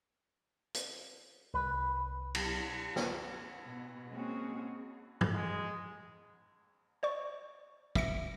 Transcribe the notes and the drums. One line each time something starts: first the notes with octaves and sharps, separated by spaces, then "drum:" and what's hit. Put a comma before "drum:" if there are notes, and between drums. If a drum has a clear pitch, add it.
drum: hi-hat
C2 B4
B1, drum: cymbal
drum: snare
B2
G#3 A#3 C4 C#4 F#4 G#4
drum: tom
G#3
C5 D5 C#6
E5 A#6 C#7, drum: kick